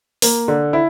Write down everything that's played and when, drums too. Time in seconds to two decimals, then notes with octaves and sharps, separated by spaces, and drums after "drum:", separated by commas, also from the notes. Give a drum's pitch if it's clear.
0.22 A#3, drum: open hi-hat
0.48 D3
0.73 E4